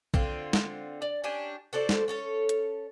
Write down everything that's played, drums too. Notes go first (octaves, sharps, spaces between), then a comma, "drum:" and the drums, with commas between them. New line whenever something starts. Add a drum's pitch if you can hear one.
D3 C4 F4, drum: kick
drum: snare
D5
C#4 D4 G4 G#5
F#4 A4 C5 D5
drum: snare
C#4 A4 C#5
drum: hi-hat